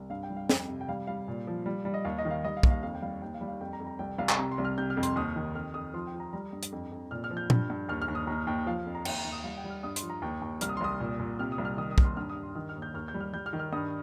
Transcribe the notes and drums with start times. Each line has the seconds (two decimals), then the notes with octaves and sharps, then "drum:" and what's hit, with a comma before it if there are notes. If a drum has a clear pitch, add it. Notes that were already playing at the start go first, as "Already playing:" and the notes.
Already playing: C2
0.10 G2 F5
0.23 G5
0.30 G3
0.37 F5
0.50 F2, drum: snare
0.68 C3
0.81 G5
0.89 G3 F5
1.07 G3 F5
1.28 A#2
1.47 F3
1.66 G3
1.85 G3
1.94 D#5
2.05 D#2 F5
2.18 D#5
2.25 D#3
2.31 F5
2.44 G3 D#5
2.57 F5
2.63 D#2, drum: kick
2.70 F5
2.83 F2 F5
2.95 G5
3.02 G3 F5
3.22 D#2 G5
3.34 F5
3.41 G3
3.48 F5
3.61 F2 G5
3.73 A#5
3.80 F2
3.87 A#5
3.99 C2 G5
4.18 C2 F5
4.29 drum: clap
4.39 C3 A#5
4.52 C6
4.58 C2
4.65 F6
4.78 C3 G6
4.90 F6
4.97 F2
5.03 C6, drum: hi-hat
5.16 D#2 D#6
5.36 D#3
5.55 F2 F6
5.74 F2 D#6
5.94 F3 C6
6.07 G5
6.14 F3
6.20 A#5
6.33 G3 A#5
6.53 G2
6.63 drum: hi-hat
6.72 F2
6.92 F2
7.11 A#2 F6
7.24 F6
7.30 F3
7.37 G6
7.50 G2, drum: tom A#2
7.70 G2
7.89 D#2 F6
8.02 F6
8.08 D#2
8.15 D#6
8.27 D#2 A#5
8.47 D#2 G5
8.66 F3 F5
8.86 F2
8.95 A#5
9.05 D#2 G5, drum: cymbal
9.18 A#5
9.24 D#2
9.32 D#6
9.44 G3 F5
9.57 G5
9.64 G3
9.70 F6
9.83 G2 D#6
9.96 C6, drum: hi-hat
10.02 F3
10.10 A#5
10.22 D#2 G5
10.42 D#2
10.61 C2 F6, drum: hi-hat
10.69 D#6
10.77 C6
10.81 C2 D#6
11.00 A#2
11.19 A#2
11.39 C3 F6
11.52 D#6
11.58 C2
11.65 F6
11.77 D#3 D#6
11.91 D#6
11.98 D#2, drum: kick
12.04 C6
12.17 G2 F6
12.30 D#6
12.36 G2
12.43 C6
12.55 D#3 D#6
12.69 F6
12.76 D#2
12.82 G6
12.94 D#2 F6
13.08 G6
13.14 G3
13.20 F6
13.33 G3 G6
13.46 F6
13.53 D#3
13.59 F6
13.73 G2 D#6